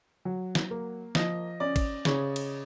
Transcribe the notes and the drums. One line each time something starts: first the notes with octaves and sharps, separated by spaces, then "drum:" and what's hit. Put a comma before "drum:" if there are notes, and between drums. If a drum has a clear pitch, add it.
F#3
drum: snare
A#3
F3 D#5, drum: snare
C#4 D5
drum: kick, cymbal
C#3 C#5, drum: snare
drum: cymbal